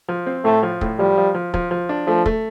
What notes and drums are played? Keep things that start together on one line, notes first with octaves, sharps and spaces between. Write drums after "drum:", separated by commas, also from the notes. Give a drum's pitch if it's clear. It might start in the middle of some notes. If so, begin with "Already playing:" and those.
F3
C4
A2 A3
F3
A2, drum: kick
F3 G3
F3
F3
F3, drum: kick
F3
D4
F3 A3
A3, drum: kick